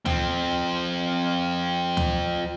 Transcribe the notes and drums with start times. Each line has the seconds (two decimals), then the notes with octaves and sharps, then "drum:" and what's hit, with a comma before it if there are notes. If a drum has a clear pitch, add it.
0.05 F3 C4, drum: tom D2
1.97 drum: tom D2